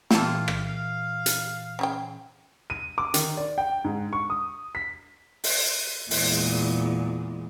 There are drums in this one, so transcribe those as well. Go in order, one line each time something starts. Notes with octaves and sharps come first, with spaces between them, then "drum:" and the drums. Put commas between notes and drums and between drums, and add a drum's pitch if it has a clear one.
A#2 E3 F4 G4 A4, drum: snare
drum: rim click
F5
drum: hi-hat
C#3 G#4 G5
D#7
D6
D#3, drum: hi-hat
D5
G5
G#2
C#6
D#6
B6
drum: open hi-hat
E2 A#2 G#3, drum: open hi-hat